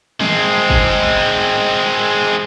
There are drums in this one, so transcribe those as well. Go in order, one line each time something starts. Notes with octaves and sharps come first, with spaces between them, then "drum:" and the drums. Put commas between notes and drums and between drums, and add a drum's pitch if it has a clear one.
G#3 C4, drum: tom D#3
drum: kick